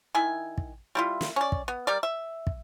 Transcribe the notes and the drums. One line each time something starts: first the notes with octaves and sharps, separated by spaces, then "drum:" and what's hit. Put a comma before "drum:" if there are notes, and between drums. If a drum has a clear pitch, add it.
D#3 E4 G#5
drum: kick
G3 E4 F4
drum: snare
C#4 D5
drum: kick
B3
G3 A#4 D5
E5
drum: kick